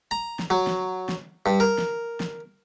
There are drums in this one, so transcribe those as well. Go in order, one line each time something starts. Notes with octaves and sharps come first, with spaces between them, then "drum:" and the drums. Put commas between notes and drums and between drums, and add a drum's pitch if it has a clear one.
A#5
drum: snare
F#3
drum: snare
drum: snare
G2
A#4
drum: snare
drum: snare